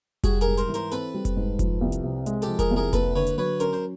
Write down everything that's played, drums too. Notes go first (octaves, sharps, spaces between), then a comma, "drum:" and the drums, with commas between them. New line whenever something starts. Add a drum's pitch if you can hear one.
G3 F#4 G#4, drum: kick F1, hi-hat
G#4 A#4, drum: hi-hat
G#2
A#4 C5, drum: hi-hat
E3
A#4 C5, drum: hi-hat
C4 A4 B4, drum: hi-hat
G3
drum: kick F1, hi-hat
G#2
F3, drum: kick F1, hi-hat
C2
drum: hi-hat
C3
G#3, drum: hi-hat
G4 A4, drum: hi-hat
F3
G#4 A#4, drum: kick F1, hi-hat
C2
G#4 A#4
A#3 A4 B4, drum: kick F1, hi-hat
D3 B4 C#5
drum: hi-hat
F#3 B4 C#5
C#4 A#4 C5, drum: hi-hat
C5